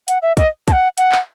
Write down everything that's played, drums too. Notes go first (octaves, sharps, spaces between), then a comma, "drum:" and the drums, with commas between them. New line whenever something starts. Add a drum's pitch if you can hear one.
F#5, drum: hi-hat
E5
D#5, drum: kick, hi-hat
A5, drum: kick, hi-hat
F#5
F#5, drum: hi-hat
drum: clap